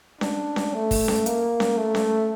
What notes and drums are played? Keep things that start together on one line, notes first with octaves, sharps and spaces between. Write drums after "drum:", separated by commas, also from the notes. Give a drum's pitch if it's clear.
D4, drum: snare C#4
drum: snare C#4
A3
drum: kick, open hi-hat
drum: snare C#4
A#3, drum: hi-hat
drum: snare C#4
A3
drum: snare C#4